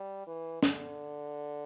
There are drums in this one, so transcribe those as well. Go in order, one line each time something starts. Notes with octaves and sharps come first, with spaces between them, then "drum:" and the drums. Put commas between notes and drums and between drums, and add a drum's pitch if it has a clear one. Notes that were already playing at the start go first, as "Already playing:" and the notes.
Already playing: G3
E3
D3, drum: snare